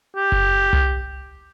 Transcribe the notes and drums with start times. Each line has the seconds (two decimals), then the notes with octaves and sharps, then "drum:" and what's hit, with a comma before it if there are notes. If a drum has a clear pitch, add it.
0.16 G4
0.32 drum: kick F#1
0.73 drum: tom C2